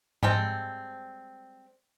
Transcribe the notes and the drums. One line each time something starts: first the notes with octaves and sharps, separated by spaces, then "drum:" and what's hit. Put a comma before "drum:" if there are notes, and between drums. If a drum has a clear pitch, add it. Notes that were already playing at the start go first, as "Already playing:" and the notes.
G3 G#3 C4 A4, drum: tom G#2